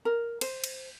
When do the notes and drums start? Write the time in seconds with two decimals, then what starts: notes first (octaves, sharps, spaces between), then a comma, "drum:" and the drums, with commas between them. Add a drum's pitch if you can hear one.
0.05 A#4
0.41 C5, drum: cymbal
0.64 drum: cymbal